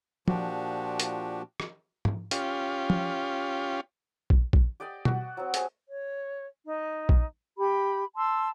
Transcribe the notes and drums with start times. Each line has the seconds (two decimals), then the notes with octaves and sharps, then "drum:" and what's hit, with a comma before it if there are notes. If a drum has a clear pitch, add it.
0.28 A#2 F3 D4 F#4 G4, drum: tom
1.00 drum: hi-hat
1.60 drum: rim click
2.05 drum: tom G#2
2.31 C#4 F4 G4, drum: hi-hat
2.90 drum: tom
4.30 drum: kick A#1
4.53 drum: kick A#1
4.80 G4 D5 D#5 G5
5.05 F#4, drum: tom B2
5.37 F#3 C4
5.54 G4 G#4 G#5 A5, drum: hi-hat
5.89 C#5
6.65 D#4
7.09 drum: kick A#1
7.58 G4 B5
8.17 A5 C6 E6